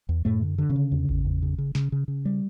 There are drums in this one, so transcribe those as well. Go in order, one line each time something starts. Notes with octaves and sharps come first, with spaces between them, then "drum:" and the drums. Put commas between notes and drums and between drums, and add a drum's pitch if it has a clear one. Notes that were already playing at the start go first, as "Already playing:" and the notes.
E2
F#2 A2 A3
D3
D3
C#3 C#4
D3
E2
E2, drum: kick G#1
E2
C#3
C#3
C#3, drum: snare
C#3
C#3
G3